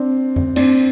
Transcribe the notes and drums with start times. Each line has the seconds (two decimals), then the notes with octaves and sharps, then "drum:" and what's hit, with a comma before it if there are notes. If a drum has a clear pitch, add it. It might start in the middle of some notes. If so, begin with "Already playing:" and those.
Already playing: C4 D4
0.36 drum: tom F2
0.56 C4 D4, drum: cymbal